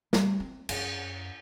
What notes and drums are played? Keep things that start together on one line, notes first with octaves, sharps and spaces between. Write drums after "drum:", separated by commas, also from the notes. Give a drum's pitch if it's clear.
G3, drum: snare
C4
F#2, drum: cymbal